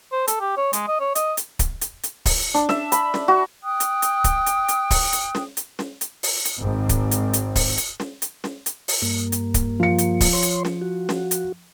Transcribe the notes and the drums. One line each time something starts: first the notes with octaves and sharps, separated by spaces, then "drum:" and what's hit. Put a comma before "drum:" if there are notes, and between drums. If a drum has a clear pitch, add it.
C5
A4, drum: hi-hat
G4
C#5
G#3, drum: hi-hat
D#5
C#5
D#5, drum: hi-hat
drum: hi-hat
drum: kick D1, hi-hat
drum: hi-hat
drum: hi-hat
drum: kick D1, open hi-hat
D4
E5, drum: snare
B5, drum: hi-hat
drum: snare
F#4
G5 D#6 F#6
drum: hi-hat
drum: hi-hat
drum: kick D1, hi-hat
drum: hi-hat
drum: hi-hat
drum: kick D1, open hi-hat
drum: hi-hat
drum: snare
drum: hi-hat
drum: snare
drum: hi-hat
drum: open hi-hat
drum: hi-hat
G#1 G#2 C4
drum: kick D1, hi-hat
drum: hi-hat
drum: hi-hat
drum: kick D1, open hi-hat
drum: hi-hat
drum: snare
drum: hi-hat
drum: snare
drum: hi-hat
drum: open hi-hat
G2 A#3
drum: hi-hat
drum: kick D1, hi-hat
F3 C#7
drum: hi-hat
drum: kick D1, open hi-hat
C#5 C6
drum: hi-hat
drum: snare
F#4
drum: snare
drum: hi-hat